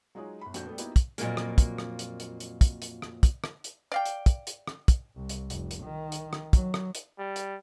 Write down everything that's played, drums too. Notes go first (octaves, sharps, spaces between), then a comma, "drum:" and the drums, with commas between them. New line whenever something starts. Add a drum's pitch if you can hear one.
F#3 G#3 D#4 F4 G#4 C#5
G1 B5
F2 A#2 D4 F#4 G6, drum: hi-hat
G3 A3 B3
A#3 B3 D#4 E4 F#4 G4, drum: hi-hat
drum: kick, hi-hat
F2 A#2 F#3 A#3, drum: hi-hat
drum: rim click
drum: kick, hi-hat
drum: rim click
drum: hi-hat
drum: hi-hat
drum: hi-hat
drum: kick, hi-hat
drum: hi-hat
drum: rim click
drum: kick, hi-hat
drum: rim click
drum: hi-hat
D5 F5 G5
drum: hi-hat
drum: kick, hi-hat
drum: hi-hat
drum: rim click
drum: kick, hi-hat
C2
drum: hi-hat
F1, drum: hi-hat
drum: hi-hat
D#3
drum: hi-hat
drum: rim click
F#3, drum: kick, hi-hat
drum: rim click
drum: hi-hat
G3
drum: hi-hat